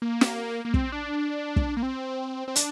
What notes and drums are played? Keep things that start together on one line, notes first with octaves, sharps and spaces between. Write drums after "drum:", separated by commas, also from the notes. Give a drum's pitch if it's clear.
A#3
drum: snare
A#3
C4, drum: kick
D4
drum: kick
A#3
C4
C4
D4, drum: hi-hat